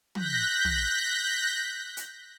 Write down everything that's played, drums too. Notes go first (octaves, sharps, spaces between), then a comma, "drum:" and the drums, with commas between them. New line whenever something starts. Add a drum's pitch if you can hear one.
F#6 G6 A#6 B6, drum: tom
drum: tom
drum: hi-hat